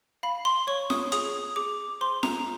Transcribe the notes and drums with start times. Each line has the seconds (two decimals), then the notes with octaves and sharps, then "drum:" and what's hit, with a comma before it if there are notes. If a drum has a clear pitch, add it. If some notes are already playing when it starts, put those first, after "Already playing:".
0.23 F5 B5
0.45 C6
0.67 C#5 C#6
0.90 D#6, drum: snare
1.12 G#4 D#6, drum: hi-hat
1.56 G#4 D6
2.01 C5 C6
2.23 A#5, drum: snare